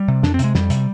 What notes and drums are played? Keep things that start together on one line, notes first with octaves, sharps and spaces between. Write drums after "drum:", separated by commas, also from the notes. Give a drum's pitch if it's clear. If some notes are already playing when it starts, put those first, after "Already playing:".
Already playing: G3
C3
F2 D4, drum: snare
C4
C3 G#3, drum: hi-hat
F2 G3, drum: snare
C3, drum: hi-hat